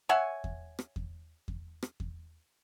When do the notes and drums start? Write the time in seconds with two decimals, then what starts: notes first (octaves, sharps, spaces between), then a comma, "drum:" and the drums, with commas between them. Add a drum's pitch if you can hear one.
0.09 C#5 E5 F#5 G#5
0.44 drum: kick E2
0.79 drum: rim click
0.96 drum: kick E2
1.48 drum: kick E2
1.83 drum: rim click
2.00 drum: kick E2